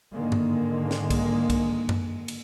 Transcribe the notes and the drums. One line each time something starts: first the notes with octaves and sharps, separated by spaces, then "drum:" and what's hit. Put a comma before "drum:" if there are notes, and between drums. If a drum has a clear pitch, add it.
G#2 D3 D#3 G#3 A#3
drum: tom G2
drum: snare
drum: kick, cymbal
drum: kick, cymbal
drum: tom F#2
drum: cymbal